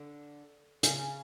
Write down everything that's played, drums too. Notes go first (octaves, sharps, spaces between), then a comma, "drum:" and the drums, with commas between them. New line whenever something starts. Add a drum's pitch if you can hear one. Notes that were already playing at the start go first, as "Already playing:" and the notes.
Already playing: D3
C#3, drum: hi-hat